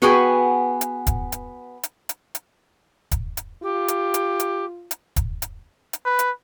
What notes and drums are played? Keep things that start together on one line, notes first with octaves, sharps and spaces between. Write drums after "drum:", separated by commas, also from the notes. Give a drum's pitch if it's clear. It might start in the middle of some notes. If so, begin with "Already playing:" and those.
B3 F#4 G#4 B4 G5 G#5
drum: hi-hat
drum: kick, hi-hat
drum: hi-hat
drum: hi-hat
drum: hi-hat
drum: hi-hat
drum: kick, hi-hat
drum: hi-hat
F4 G4
drum: hi-hat
drum: hi-hat
drum: hi-hat
drum: hi-hat
drum: kick, hi-hat
drum: hi-hat
drum: hi-hat
B4
drum: hi-hat